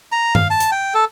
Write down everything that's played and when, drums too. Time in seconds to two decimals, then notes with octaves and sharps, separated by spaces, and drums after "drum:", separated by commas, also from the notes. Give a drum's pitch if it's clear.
0.12 A#5
0.35 F5, drum: tom G2
0.51 A5
0.60 drum: hi-hat
0.72 G5
0.94 A4